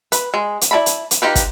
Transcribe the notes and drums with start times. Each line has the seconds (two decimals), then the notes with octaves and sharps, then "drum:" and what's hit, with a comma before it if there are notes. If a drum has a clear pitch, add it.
0.12 B4, drum: hi-hat
0.34 G#3
0.61 drum: hi-hat
0.71 E4 B4 D5 A5 B5
0.86 drum: hi-hat
1.11 drum: hi-hat
1.22 D#4 F4 G4 B4
1.35 drum: kick, hi-hat